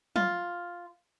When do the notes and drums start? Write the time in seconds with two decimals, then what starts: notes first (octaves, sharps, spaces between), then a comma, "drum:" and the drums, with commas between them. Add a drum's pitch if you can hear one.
0.16 F4, drum: tom